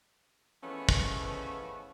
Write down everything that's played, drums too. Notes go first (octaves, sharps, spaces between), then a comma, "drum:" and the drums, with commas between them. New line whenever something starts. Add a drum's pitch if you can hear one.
E3 F3 G#3 A3 B3 C#4
drum: kick